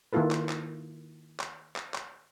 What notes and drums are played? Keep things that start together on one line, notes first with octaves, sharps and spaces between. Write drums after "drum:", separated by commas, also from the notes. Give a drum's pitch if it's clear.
D#3 A#3 E4 F4 A4 B4
drum: clap
drum: clap
drum: clap
drum: clap
drum: clap